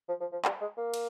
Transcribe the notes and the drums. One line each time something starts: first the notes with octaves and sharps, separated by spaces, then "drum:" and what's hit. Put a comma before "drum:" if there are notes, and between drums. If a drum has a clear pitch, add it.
F3
F3
F3
G3, drum: clap
G#3
A#3
drum: cymbal